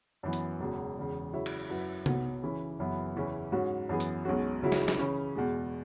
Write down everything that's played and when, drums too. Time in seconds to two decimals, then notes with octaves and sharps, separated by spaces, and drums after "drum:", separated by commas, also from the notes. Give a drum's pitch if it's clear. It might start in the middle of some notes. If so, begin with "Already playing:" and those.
0.23 F#2 E3 B3
0.33 drum: hi-hat
0.60 E1 E2 C#3 F#3
0.97 E1 E2 C#3
1.33 C#3 F#3 E4 C#5 E5
1.46 drum: cymbal
1.70 F#2 F#3 E4 B4
2.06 B1 B2 F#3 B3, drum: tom C3
2.42 C#3 E3 C#4 E4
2.79 F#1 F#2 E3 B3 E4
3.16 E2 C#3 E3 C#4 E4
3.52 G#2 F#3 C#4 F#4
3.89 F#2 E3 B3 G#4
4.00 drum: hi-hat
4.25 B1 B2 G#3 C#4 F#4
4.63 C#2 C#3 F#3 E4
4.72 drum: snare
4.88 drum: snare
4.99 C#3 E3 C#4
5.35 E2 B2 G#3